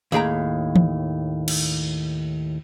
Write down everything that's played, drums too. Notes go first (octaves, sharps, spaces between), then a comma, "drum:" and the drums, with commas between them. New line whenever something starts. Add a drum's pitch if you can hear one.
D#2 A2 G#4 G5 A#5
drum: tom
drum: cymbal